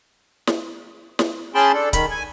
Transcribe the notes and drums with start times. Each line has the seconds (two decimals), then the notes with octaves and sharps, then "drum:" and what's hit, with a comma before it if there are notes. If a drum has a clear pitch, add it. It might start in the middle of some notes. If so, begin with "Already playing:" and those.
0.47 drum: snare
1.19 drum: snare
1.55 C#4 G#4 G5 A5 B5 C6
1.73 D4 A4
1.93 D#3 B5, drum: kick C#1, hi-hat
2.10 G#5